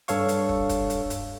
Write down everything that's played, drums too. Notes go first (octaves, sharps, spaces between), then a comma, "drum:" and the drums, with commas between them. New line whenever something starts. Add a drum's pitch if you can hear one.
G2 A4 C#5 F5 C#6, drum: hi-hat
drum: hi-hat
drum: kick
drum: kick, hi-hat
drum: hi-hat
drum: hi-hat